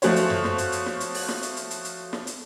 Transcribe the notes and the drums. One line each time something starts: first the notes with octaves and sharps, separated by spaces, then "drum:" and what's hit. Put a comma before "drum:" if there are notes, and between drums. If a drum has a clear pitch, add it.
F3 A3 F#4 C5 C#5, drum: hi-hat
drum: hi-hat
drum: tom F#2
drum: snare
drum: hi-hat
drum: hi-hat
drum: snare
drum: hi-hat
drum: open hi-hat
drum: snare
drum: hi-hat
drum: hi-hat
drum: hi-hat
drum: hi-hat
drum: snare
drum: hi-hat